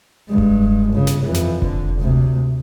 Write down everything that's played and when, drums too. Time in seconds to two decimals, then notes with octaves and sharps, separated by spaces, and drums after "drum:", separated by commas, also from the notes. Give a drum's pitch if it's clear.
0.28 G2 G#3
0.38 drum: kick F1
0.93 G1 C#3
1.07 drum: snare
1.23 F2 E3
1.34 drum: snare
1.62 D3, drum: kick F1
2.00 D2 C3